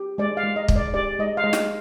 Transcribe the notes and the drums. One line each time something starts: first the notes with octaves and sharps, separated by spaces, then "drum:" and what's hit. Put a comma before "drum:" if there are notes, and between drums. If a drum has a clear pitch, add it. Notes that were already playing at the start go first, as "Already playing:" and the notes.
Already playing: G4
G#3 D5
F5
G#3
D#5
G#3, drum: kick
D5
G4 D5
G#3 D#5
F5
G#3 D#5
drum: snare